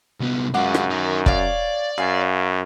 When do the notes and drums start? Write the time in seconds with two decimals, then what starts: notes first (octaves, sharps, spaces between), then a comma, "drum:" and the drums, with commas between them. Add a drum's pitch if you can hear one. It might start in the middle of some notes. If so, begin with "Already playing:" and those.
0.20 C2 B3
0.54 F#2 G#3 F4 F#5 D6
0.75 drum: rim click
0.90 D#4 A#4
1.26 C#5 D5 F5, drum: kick
1.98 F#2 F5 G#5